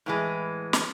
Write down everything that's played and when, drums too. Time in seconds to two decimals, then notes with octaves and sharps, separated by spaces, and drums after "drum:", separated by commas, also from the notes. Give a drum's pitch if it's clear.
0.06 A2 E3 G#3
0.73 drum: snare